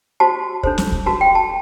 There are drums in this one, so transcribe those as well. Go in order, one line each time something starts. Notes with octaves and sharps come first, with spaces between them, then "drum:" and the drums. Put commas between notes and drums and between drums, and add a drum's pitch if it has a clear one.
F#4 C5 A5
D4 A4 C5, drum: kick
drum: snare
drum: kick
F#4 B4 A5
G5
A5